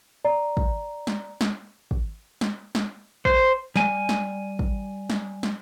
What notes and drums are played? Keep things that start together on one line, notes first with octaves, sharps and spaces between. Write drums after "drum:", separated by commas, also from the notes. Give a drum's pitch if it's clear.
D5 A#5
drum: kick
drum: snare
drum: snare
drum: kick
drum: snare
drum: snare
C5, drum: kick
G3 G#5, drum: snare
drum: snare
drum: kick
drum: snare
drum: snare